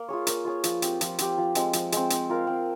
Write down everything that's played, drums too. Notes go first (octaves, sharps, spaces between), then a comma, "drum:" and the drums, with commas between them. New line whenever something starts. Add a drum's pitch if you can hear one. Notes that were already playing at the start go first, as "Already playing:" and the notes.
Already playing: A#3
F4 G#4 C#5
A#3, drum: hi-hat
F4 G#4 C#5
F3, drum: hi-hat
C4 G4, drum: hi-hat
F3, drum: hi-hat
C4 G4, drum: hi-hat
F3
G#3 C4, drum: hi-hat
F3, drum: hi-hat
G#3 C4, drum: hi-hat
C4, drum: hi-hat
F4 A#4 F5
C4